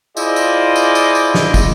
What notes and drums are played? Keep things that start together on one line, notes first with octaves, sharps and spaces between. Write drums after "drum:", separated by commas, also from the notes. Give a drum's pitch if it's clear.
E4 F4 G#4 C5 D5 D#5, drum: tambourine
drum: tambourine
drum: tambourine
drum: tambourine
drum: tambourine
drum: snare
drum: kick, tambourine